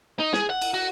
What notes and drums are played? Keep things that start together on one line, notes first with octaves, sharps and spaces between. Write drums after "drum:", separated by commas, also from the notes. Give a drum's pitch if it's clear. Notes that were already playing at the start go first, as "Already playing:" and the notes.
D#4
G#4, drum: snare
F#5
drum: cymbal
F#4